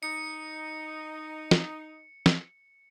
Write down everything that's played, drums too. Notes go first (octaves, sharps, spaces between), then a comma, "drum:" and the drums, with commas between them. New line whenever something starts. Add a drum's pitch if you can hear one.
D#4 C#7
drum: snare
drum: snare